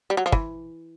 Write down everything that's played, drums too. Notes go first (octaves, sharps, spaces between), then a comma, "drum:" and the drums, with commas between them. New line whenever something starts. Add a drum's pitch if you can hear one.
G3
F#3
F3
E3, drum: kick